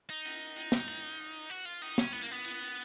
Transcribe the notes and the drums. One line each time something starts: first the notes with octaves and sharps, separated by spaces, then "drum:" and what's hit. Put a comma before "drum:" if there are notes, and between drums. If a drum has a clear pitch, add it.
D#4
drum: cymbal
drum: cymbal
drum: snare
drum: cymbal
F#4
F4
D#4, drum: cymbal
C#4, drum: snare
B3, drum: cymbal
A#3
B3
drum: cymbal